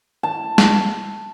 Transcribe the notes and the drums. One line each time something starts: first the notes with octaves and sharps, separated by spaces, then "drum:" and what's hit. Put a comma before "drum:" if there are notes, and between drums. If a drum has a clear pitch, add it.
A5
drum: snare